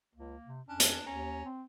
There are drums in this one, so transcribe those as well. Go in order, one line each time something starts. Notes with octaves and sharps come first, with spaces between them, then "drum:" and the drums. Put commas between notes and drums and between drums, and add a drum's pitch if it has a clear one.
C#2 A#3
C3
F2 C#4 D4
drum: hi-hat
D#2 C#4 A#5
C4